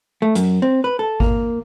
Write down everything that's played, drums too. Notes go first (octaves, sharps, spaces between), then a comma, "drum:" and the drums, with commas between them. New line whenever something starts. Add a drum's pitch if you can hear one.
A3
F#2, drum: hi-hat
C4
B4
A4
A#3, drum: kick G#1